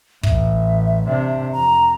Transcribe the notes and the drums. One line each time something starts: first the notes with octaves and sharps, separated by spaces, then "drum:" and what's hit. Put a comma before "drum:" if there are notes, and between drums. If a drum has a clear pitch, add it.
A1 E5, drum: kick
C3 D4
F2 A#5